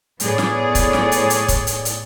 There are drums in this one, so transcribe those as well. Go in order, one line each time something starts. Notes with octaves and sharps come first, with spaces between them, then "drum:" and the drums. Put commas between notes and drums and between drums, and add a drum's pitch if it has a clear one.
A2 B3 G#4 C#5 D5, drum: hi-hat
drum: snare
drum: kick C#1, hi-hat
drum: snare
drum: hi-hat
drum: hi-hat
drum: kick C#1, hi-hat
drum: hi-hat
drum: hi-hat